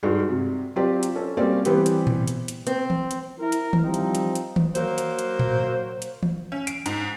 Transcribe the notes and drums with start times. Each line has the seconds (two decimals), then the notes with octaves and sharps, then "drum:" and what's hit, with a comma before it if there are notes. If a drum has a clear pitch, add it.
0.03 G2 G#3 D#4 F#4
0.29 C3
0.76 F#3 C4 F4 G4 D5
1.03 drum: hi-hat
1.15 C#4 A4
1.37 G3 A#3 C4 C#4 D5
1.65 E3 G3 B3 C4 G4, drum: hi-hat
1.86 drum: hi-hat
2.07 drum: tom A2
2.27 drum: hi-hat
2.48 drum: hi-hat
2.67 C4, drum: hi-hat
2.90 drum: tom E3
3.11 drum: hi-hat
3.39 E4 A#4
3.52 drum: hi-hat
3.73 drum: tom D#3
3.84 F3 G3 C4 D#4
3.94 drum: hi-hat
4.15 drum: hi-hat
4.35 drum: hi-hat
4.56 drum: tom D#3
4.75 F#3 A#3 C5, drum: hi-hat
4.98 drum: hi-hat
5.19 drum: hi-hat
5.39 drum: tom A2
6.02 drum: hi-hat
6.23 drum: tom E3
6.52 C#4
6.67 D7, drum: hi-hat
6.86 G#2, drum: hi-hat